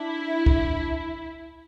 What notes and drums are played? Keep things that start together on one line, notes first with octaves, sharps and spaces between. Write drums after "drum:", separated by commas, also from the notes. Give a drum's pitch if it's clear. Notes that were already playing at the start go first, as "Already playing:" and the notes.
Already playing: D4 E4
drum: kick C#2